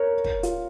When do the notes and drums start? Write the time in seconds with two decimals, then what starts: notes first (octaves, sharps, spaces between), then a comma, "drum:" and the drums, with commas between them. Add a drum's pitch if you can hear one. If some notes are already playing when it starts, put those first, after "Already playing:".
Already playing: A#4 C#5
0.24 drum: kick
0.43 F4, drum: hi-hat